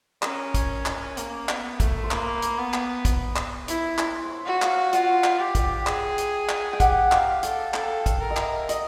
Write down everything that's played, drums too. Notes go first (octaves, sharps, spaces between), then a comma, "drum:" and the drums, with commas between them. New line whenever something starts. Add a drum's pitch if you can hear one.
C#4 A#4, drum: clap
drum: kick, hi-hat
drum: clap
A#3, drum: hi-hat
B3, drum: clap
A3, drum: kick, hi-hat
C5
A#3 B4, drum: clap
drum: hi-hat
B3
drum: clap
drum: kick, hi-hat
drum: clap
E4, drum: hi-hat
C5, drum: clap
C5 C#5
F#4
F5, drum: clap
F4 F#5, drum: hi-hat
drum: clap
G4
G5, drum: kick, hi-hat
G#4, drum: clap
drum: hi-hat
drum: clap
G5
G4 F#5, drum: kick, hi-hat
G4 F5, drum: clap
A4 G5, drum: hi-hat
A4 F5, drum: clap
F5, drum: kick, hi-hat
A#4
D#5
E5, drum: clap
D#5, drum: hi-hat